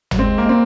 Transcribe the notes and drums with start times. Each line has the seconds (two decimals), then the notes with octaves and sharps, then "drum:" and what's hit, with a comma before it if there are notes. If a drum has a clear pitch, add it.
0.11 F#3, drum: tom
0.18 G#3 C4
0.38 A#3
0.44 G#3
0.49 A#3 C4